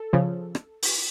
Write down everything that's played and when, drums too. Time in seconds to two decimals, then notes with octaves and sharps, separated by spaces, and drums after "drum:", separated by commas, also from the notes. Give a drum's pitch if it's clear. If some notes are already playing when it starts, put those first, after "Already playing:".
Already playing: A4
0.13 C#3 F3
0.55 drum: rim click
0.83 drum: open hi-hat